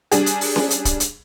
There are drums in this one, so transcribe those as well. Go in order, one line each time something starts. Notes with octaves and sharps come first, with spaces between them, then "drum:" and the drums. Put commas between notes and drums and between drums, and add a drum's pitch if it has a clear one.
G3 D4 G#4, drum: hi-hat
drum: hi-hat
drum: open hi-hat
drum: snare C#4
drum: hi-hat
drum: kick, hi-hat
drum: hi-hat